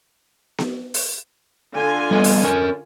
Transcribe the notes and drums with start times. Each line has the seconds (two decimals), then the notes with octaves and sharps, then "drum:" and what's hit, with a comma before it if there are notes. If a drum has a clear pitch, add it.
0.58 drum: snare B3
0.94 drum: open hi-hat
1.75 D3 F4 G#5
2.11 G3 B3 D#5
2.24 drum: open hi-hat
2.44 C#4 A#4 G#5